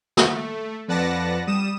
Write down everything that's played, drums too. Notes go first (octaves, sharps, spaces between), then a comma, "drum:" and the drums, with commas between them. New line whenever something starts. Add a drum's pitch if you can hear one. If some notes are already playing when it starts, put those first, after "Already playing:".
A3, drum: snare
F2 B4 D5 F#5 A5 A#6
G3 D#6 E7